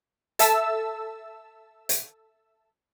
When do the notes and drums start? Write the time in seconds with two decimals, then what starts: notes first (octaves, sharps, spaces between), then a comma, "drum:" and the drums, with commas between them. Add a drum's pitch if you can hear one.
0.39 A4 E5 A5 E6, drum: hi-hat
1.89 drum: hi-hat